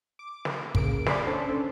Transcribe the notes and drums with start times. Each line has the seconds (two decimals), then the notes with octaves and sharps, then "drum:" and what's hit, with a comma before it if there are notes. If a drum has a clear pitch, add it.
0.19 D6
0.45 drum: snare
0.75 C#3 A#3 D7, drum: kick
1.06 D5 G#5 B5 C6 D6, drum: snare
1.26 C#4 D4 A4 C5